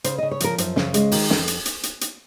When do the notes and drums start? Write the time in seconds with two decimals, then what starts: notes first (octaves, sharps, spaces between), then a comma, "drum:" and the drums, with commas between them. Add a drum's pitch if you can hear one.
0.04 C#3 C5, drum: hi-hat
0.18 C#3 D#5
0.31 C#5
0.40 F3 A#4, drum: hi-hat
0.58 F#2 C5, drum: hi-hat
0.76 C#3, drum: snare
0.94 G#3, drum: hi-hat
1.11 D#3, drum: open hi-hat
1.30 F2, drum: snare
1.48 drum: hi-hat
1.65 drum: hi-hat
1.83 drum: hi-hat
2.01 drum: hi-hat